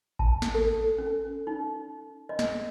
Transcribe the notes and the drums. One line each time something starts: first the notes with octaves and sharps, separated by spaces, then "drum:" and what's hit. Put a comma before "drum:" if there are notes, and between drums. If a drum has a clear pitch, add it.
A5, drum: kick A1
drum: snare
A4
C#4
D#4
D#5
drum: snare